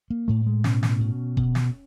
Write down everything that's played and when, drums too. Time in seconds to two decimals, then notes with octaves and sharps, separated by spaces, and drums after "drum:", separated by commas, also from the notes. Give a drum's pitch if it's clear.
0.10 A#3
0.28 A2 A3
0.46 G#3
0.64 B2 C#4, drum: snare
0.83 drum: snare
1.01 B2
1.37 B2, drum: kick D#1
1.55 drum: snare